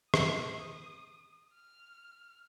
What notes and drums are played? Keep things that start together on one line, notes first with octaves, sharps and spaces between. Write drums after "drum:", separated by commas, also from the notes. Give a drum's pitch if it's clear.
D#6, drum: rim click
F6